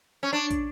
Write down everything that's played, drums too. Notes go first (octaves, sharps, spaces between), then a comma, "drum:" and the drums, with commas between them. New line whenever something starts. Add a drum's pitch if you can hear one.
C#4
D4
drum: kick, hi-hat